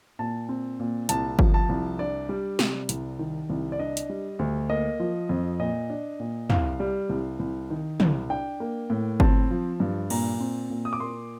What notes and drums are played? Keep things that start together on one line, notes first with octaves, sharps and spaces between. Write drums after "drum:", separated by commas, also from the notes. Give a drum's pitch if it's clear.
A#2 A5
C4
A#2
C2 A5, drum: hi-hat
F3, drum: kick G1
A5
C2
D4 D5
G3
C3, drum: snare
C2, drum: hi-hat
D#3
C2
D5
D4 D#5
drum: hi-hat
G3
D2
A#3 D#5
F3
F2
A#2 D#5
D4
A#2
C2 F5, drum: tom
G3
C2
C2
D#3
C2, drum: tom
D4 G5
A#3
A2
C4 A5, drum: kick G1
F3
G2
A#2 A#5, drum: cymbal
C4
A#2
D#6
D6
A#3 C6